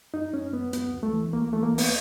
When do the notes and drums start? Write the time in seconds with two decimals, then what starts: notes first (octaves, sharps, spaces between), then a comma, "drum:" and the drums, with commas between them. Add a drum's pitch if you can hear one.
0.14 F#2 D#4
0.34 F#2 C#4
0.53 F#2 B3
0.73 D2 B3, drum: hi-hat
0.93 D2
1.03 A3
1.13 E3
1.33 D2 A#3
1.53 E3 A3
1.63 A#3
1.73 D2
1.78 B3, drum: open hi-hat